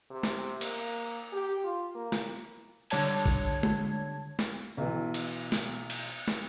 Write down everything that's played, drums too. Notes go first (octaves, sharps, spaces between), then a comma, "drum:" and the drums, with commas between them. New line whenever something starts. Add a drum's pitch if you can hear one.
C3
drum: snare
A#3, drum: cymbal
G4
F4
A#3
drum: snare
D3 G3 C#5 A5 G#6, drum: cymbal
drum: kick A1
drum: tom G#3
drum: snare
B1 B2 E3
drum: cymbal
drum: snare
drum: cymbal
drum: snare